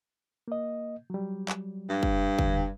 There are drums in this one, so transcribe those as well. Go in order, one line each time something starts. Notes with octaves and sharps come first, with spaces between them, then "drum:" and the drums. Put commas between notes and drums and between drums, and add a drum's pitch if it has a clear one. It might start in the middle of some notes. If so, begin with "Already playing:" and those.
A#3 D#5
F#3 G3
drum: clap
G2
drum: kick
E2 D3, drum: kick